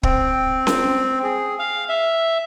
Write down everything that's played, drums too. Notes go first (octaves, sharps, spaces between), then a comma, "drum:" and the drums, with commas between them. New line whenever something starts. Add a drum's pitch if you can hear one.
C4, drum: kick
drum: snare C#4
G#4
F5
E5